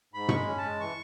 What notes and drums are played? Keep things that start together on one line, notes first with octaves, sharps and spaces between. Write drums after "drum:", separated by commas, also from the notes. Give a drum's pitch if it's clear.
G#2 B5
G#3 C#6, drum: tom
B5
C#4
A5
G#3
E3 C#6